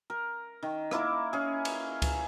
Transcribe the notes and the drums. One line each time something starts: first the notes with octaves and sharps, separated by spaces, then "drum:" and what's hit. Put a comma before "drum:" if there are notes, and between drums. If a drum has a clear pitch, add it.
A#4
D#3
A#3 E4 A#4 D6, drum: rim click
C#4 G#4
drum: cymbal
drum: kick C#2, cymbal